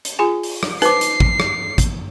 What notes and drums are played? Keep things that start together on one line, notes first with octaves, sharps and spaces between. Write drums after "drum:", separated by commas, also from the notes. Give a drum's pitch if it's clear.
drum: hi-hat
F4 G#4 G#5
drum: open hi-hat
drum: rim click
D#4 B4 C5 D6 C7, drum: hi-hat
drum: hi-hat
drum: kick
drum: rim click
drum: kick, hi-hat